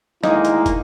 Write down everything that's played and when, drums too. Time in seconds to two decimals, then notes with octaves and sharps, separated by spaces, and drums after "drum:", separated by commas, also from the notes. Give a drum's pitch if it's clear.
0.23 D2 D#3 G#3 A#3 D#4 E4, drum: snare
0.45 drum: hi-hat
0.66 drum: kick, hi-hat